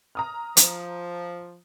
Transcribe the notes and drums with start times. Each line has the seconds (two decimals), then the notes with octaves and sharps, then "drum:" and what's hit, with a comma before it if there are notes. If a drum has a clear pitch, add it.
0.15 A#5 D#6 F6
0.57 F3, drum: hi-hat